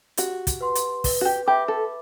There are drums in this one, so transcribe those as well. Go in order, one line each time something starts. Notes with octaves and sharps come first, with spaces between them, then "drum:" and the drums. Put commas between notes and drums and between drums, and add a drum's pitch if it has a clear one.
F#4 G4, drum: hi-hat
drum: kick, hi-hat
B4 F#5 C6
drum: hi-hat
B4, drum: kick, open hi-hat
F#4
G4
G4 E5 B5 D6
A4